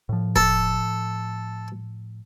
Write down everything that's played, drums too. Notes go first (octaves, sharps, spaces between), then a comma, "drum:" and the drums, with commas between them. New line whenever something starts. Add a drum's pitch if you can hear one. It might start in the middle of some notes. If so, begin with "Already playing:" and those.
A2 F3
A4, drum: kick E1